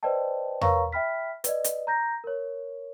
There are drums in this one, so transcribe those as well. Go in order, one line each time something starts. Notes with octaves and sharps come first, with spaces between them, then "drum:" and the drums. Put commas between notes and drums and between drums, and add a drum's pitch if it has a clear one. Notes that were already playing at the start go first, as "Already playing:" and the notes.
B4 C5 D5 D#5 G5 A5
A#4 B4 C#5 F5 A#5 C#6, drum: tom E2
E5 G5 B5 F6 B6
B4 D5 D#5, drum: hi-hat
drum: hi-hat
A#5 G6 A#6
A#4 C#5